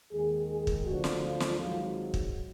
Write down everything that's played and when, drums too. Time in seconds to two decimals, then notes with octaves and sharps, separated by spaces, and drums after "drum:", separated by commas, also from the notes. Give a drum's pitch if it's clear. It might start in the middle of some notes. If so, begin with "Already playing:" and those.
0.12 D#2 D#3 G#3 G#4
0.48 G#4
0.67 drum: kick
0.86 D2 D3 F3 F#4
1.04 drum: snare
1.22 F4
1.40 drum: snare
1.58 G#1 G#2 F#3 F4
2.14 drum: kick